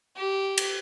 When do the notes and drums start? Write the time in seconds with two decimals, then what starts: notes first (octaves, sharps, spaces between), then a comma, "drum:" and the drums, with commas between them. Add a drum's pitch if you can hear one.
0.17 G4
0.58 drum: cymbal